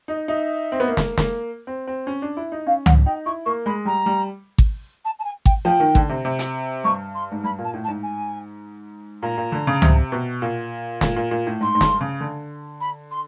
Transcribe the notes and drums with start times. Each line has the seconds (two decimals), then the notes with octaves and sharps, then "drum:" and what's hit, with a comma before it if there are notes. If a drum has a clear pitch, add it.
0.08 D#4 D#5
0.28 D#4 E5
0.72 C4
0.80 B3
0.88 A#3
0.97 drum: snare
1.18 A#3, drum: snare
1.67 C4
1.87 C4
2.07 C#4
2.22 D4
2.37 E4
2.52 D#4
2.67 C#4 F5
2.86 F#5, drum: tom C#2
3.06 D#4 G5
3.26 E4 C#6
3.46 A#3 C#6
3.66 G#3 B5
3.85 G3 A#5
4.06 G3
4.58 drum: kick G#1
5.05 A5
5.19 A5
5.24 G#5
5.46 G5, drum: kick G#1
5.65 F3 G5
5.80 D#3
5.95 D3, drum: kick G#1
6.09 C3
6.25 C3
6.39 drum: hi-hat
6.84 G2 C#6
7.15 C6
7.32 G#2
7.44 G2 B5
7.59 A#2
7.64 A5
7.74 A2
7.84 A5
7.88 G#2
8.03 G#5
9.22 A#2 A#5
9.38 A#2
9.52 D3
9.67 C#3
9.82 C3, drum: tom C#2
10.12 B2
10.42 A#2
11.01 A#2, drum: snare
11.16 A#2
11.31 A#2
11.47 A2
11.61 G#2 C6
11.75 G#2
11.81 G2, drum: snare
12.01 C#3
12.21 D3
12.80 B5
13.11 C6